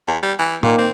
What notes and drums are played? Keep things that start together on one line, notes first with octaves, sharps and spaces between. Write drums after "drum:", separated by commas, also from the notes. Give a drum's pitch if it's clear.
E2
G3
E3
A#2 D#3 A#3, drum: tom
C4